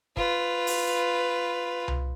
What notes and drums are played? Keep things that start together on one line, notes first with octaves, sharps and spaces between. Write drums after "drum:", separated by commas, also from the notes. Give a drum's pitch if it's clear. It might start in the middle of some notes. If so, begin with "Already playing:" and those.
F4 B4, drum: kick
drum: open hi-hat
drum: tom C2